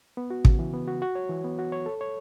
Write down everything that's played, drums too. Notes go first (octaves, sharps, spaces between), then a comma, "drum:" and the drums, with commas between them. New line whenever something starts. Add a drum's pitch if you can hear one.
B3
F#4
C#3, drum: kick
E3
B3
F#4
F#4
C#5
E3
B3
F#4
C#5
A4
C#5